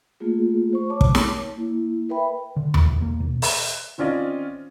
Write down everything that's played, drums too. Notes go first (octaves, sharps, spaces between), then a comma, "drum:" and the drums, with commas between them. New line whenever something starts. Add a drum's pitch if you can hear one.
A3 A#3 F4 G#4
C5 C#6
C#5 A5 D6
drum: kick
drum: snare
A#3 E4
A#4 B4 E5 G5 B5
D3
D1 A#1 E2 A#3, drum: tom D#2
E1 A#2 A#3
D#2 B2
drum: open hi-hat
D#3 C4 C#4 F4 D5 D#5